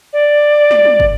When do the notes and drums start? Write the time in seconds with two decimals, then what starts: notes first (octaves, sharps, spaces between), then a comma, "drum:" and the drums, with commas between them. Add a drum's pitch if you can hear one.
0.13 D5
0.71 drum: snare
0.85 drum: tom
1.00 drum: kick